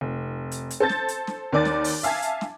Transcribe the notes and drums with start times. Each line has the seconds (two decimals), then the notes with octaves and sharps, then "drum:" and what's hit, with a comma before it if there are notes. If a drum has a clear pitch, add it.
0.01 F1
0.52 drum: hi-hat
0.70 drum: hi-hat
0.80 A4 C5 A5 G6 A6
0.89 drum: snare
1.08 drum: hi-hat
1.27 drum: snare
1.53 D#2 A#4 D5 D6 A6
1.65 drum: snare
1.84 drum: open hi-hat
2.03 E5 F5 G#5 A5 G#6, drum: hi-hat
2.22 drum: hi-hat
2.41 drum: snare